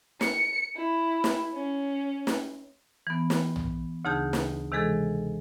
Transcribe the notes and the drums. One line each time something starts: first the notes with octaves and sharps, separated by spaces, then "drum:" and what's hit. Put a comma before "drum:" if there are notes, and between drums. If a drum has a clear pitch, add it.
C#7, drum: snare
E4
drum: snare
C#4
drum: snare
E3 B3
drum: snare
drum: tom
D2 C#3 D#4 G#4 A5 G6
drum: snare
C3 D#3 E3 G#3 G#4 A4